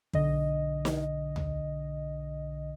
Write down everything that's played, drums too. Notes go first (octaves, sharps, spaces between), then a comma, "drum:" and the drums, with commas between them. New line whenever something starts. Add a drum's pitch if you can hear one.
B1 D3 D#5, drum: kick
drum: snare
drum: tom D2